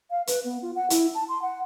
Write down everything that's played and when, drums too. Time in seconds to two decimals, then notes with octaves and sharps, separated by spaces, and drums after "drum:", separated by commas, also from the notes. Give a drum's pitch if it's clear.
0.11 F5
0.27 B4, drum: hi-hat
0.45 B3
0.62 F4
0.76 F#5
0.90 E4, drum: hi-hat
1.15 A5
1.28 C6
1.42 F#5